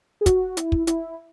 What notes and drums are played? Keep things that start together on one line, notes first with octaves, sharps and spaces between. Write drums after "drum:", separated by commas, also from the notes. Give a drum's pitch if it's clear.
G#4
F#4, drum: kick, hi-hat
E4, drum: hi-hat
drum: kick
E4, drum: hi-hat